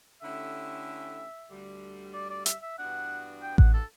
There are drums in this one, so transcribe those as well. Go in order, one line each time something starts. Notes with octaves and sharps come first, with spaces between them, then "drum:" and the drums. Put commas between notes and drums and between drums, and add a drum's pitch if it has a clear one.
D3 A3 C#4 E4 G4 E5
D2 D3 G3
D5
D5
E5, drum: hi-hat
E5
G2 E3 B3 D4 F#4 F#5
G5
F#5, drum: kick A1
A4